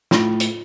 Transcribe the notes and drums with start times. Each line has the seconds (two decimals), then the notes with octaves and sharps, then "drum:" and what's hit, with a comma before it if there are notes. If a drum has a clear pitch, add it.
0.11 A2 F4, drum: snare
0.40 drum: hi-hat